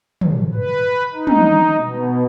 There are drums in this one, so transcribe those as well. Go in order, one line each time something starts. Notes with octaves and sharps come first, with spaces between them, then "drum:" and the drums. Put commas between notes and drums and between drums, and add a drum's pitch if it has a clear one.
drum: tom
B4
D#4
drum: tom
B2